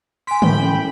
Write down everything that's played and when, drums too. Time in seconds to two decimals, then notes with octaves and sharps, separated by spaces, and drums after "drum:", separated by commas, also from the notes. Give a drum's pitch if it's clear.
0.27 G#5 C6 B6 D7
0.42 A2 G5 B5, drum: tom D3
0.60 C#4